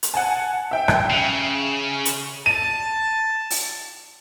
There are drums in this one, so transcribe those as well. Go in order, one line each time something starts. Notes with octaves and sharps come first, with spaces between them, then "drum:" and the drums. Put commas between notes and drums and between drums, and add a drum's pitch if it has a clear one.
drum: hi-hat
F#5 G#5 A5
E5 G5
drum: rim click
C#3
drum: hi-hat
A5 D#7
drum: open hi-hat